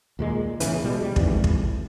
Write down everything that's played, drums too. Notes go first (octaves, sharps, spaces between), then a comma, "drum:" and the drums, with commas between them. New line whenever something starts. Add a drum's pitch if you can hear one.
D#2 A#2 G#3
A1 E2 C#3 E3, drum: hi-hat
B2 G3 G#3
D2 G3
G#1 F2 G#2 E3, drum: kick
drum: kick